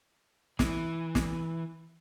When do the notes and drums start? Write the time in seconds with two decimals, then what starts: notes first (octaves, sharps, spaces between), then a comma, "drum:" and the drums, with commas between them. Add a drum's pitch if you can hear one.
0.59 E3, drum: snare
1.15 drum: snare